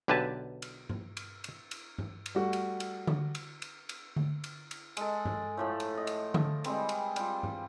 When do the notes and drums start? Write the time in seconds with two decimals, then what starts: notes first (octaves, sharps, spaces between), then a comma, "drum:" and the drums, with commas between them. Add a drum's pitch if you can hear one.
0.08 B1 D3 G4 B4 G#5 A5
0.62 drum: cymbal
0.89 drum: tom G2
1.17 drum: cymbal
1.44 drum: cymbal
1.71 drum: cymbal
1.98 drum: tom G2
2.26 drum: cymbal
2.35 G3 A3 F#4
2.53 drum: cymbal
2.80 drum: cymbal
3.07 drum: tom D3
3.35 drum: cymbal
3.62 drum: cymbal
3.89 drum: cymbal
4.16 drum: tom D3
4.44 drum: cymbal
4.71 drum: cymbal
4.97 G#3 A4, drum: cymbal
5.25 drum: tom G2
5.57 A2 F3 A3
5.80 drum: cymbal
5.97 D#5
6.07 drum: cymbal
6.34 drum: tom D3
6.64 G3 G#3 C4 B4, drum: cymbal
6.89 drum: cymbal
7.16 G3 F4, drum: cymbal
7.43 drum: tom G2